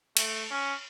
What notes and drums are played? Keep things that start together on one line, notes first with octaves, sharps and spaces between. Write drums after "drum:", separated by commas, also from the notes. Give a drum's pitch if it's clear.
A3, drum: cymbal
C#4